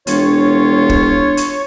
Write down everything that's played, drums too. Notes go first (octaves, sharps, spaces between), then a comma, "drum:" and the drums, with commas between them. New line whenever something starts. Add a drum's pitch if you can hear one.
E1 D4 F4 C#5, drum: hi-hat
drum: kick
drum: hi-hat